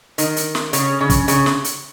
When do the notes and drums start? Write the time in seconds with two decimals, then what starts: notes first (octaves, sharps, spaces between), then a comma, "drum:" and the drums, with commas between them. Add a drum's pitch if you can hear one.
0.18 D#3, drum: hi-hat
0.36 drum: hi-hat
0.55 drum: snare
0.73 C#3, drum: hi-hat
1.01 C#3
1.10 drum: kick, hi-hat
1.28 C#3, drum: hi-hat
1.46 drum: snare
1.64 drum: hi-hat